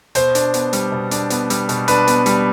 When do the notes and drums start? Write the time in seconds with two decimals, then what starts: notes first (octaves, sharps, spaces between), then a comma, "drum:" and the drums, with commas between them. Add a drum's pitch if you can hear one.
0.15 B2 C5, drum: hi-hat
0.35 D4, drum: hi-hat
0.54 B3, drum: hi-hat
0.73 G3, drum: hi-hat
0.92 B2
1.11 D4, drum: hi-hat
1.30 B3, drum: hi-hat
1.50 G3, drum: hi-hat
1.69 B2, drum: hi-hat
1.88 D4 B4, drum: hi-hat
2.07 B3, drum: hi-hat
2.26 G3, drum: hi-hat